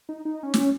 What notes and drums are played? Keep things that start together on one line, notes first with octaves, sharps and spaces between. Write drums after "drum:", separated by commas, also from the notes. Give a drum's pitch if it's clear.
D#4
D#4
C#4
drum: snare